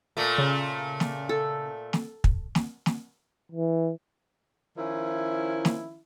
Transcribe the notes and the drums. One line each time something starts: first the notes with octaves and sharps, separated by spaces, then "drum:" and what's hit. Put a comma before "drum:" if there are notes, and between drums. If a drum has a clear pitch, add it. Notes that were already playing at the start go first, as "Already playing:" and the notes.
A#2 A3
C#3
drum: snare
A4
drum: snare
drum: kick
drum: snare
drum: snare
E3
D#3 F3 C#4 E4
drum: snare